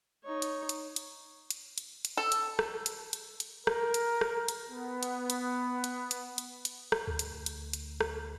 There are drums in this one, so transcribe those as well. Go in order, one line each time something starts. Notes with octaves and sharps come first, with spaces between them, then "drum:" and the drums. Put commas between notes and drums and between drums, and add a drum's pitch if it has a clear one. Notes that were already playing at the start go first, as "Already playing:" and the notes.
D#4 C#5
drum: hi-hat
drum: hi-hat
drum: hi-hat
drum: hi-hat
drum: hi-hat
drum: hi-hat
A4
drum: hi-hat
drum: rim click
drum: hi-hat
drum: hi-hat
drum: hi-hat
A#4, drum: rim click
drum: hi-hat
drum: rim click
drum: hi-hat
B3
drum: hi-hat
drum: hi-hat
drum: hi-hat
drum: hi-hat
drum: hi-hat
drum: hi-hat
drum: rim click
D2
drum: hi-hat
drum: hi-hat
drum: hi-hat
drum: rim click